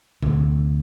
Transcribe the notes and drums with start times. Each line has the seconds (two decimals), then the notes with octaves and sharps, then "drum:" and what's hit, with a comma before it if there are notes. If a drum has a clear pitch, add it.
0.22 D2, drum: tom C3